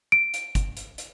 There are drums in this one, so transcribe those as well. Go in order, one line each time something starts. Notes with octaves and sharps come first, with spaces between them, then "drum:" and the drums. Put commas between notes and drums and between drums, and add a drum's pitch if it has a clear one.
D7
drum: hi-hat
drum: kick, hi-hat
drum: hi-hat
drum: hi-hat